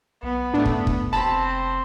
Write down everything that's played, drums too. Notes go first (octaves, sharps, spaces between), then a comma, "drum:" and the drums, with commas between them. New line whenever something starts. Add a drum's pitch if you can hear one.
B1 B3
A2 A3 D4
drum: kick
drum: kick
F1 C4 A5 B5